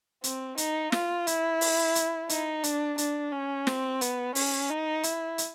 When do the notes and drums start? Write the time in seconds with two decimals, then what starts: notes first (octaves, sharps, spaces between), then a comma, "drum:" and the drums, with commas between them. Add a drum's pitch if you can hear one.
0.24 C4, drum: hi-hat
0.58 D#4, drum: hi-hat
0.92 F4, drum: snare
1.27 E4, drum: hi-hat
1.61 drum: open hi-hat
1.95 drum: hi-hat
2.29 D#4, drum: hi-hat
2.64 D4, drum: hi-hat
2.98 D4, drum: hi-hat
3.32 C#4
3.67 C4, drum: snare
4.01 B3, drum: hi-hat
4.35 C#4, drum: open hi-hat
4.70 D#4
5.03 E4, drum: hi-hat
5.38 drum: hi-hat